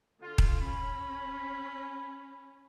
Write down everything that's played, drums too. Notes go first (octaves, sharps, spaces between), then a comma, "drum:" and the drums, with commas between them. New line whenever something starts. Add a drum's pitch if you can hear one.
D3 F4
drum: kick D#1
C#4 B5